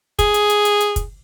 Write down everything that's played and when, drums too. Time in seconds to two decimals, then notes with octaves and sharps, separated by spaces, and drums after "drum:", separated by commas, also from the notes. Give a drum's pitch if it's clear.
0.19 G#4, drum: kick, hi-hat
0.34 drum: hi-hat
0.50 drum: hi-hat
0.65 drum: hi-hat
0.81 drum: hi-hat
0.96 drum: kick, hi-hat